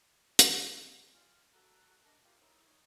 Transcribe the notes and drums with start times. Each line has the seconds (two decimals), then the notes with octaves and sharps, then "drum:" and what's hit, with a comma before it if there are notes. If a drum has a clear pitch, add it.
0.39 drum: hi-hat
1.13 F4 D5 G#5 F6
1.52 F#4 A4 A#5 F#6
2.04 D4 A#4 D#5 A5
2.24 F4 G4 A#4 E5
2.40 D#4 E4 A#4 C#5
2.64 D#4 C#5 C#6